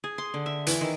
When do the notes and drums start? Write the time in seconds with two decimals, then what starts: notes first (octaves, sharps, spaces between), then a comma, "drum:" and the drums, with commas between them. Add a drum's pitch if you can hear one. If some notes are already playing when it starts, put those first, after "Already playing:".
0.04 G#4
0.18 C6
0.34 D3
0.46 E5
0.67 E3, drum: hi-hat
0.81 D#3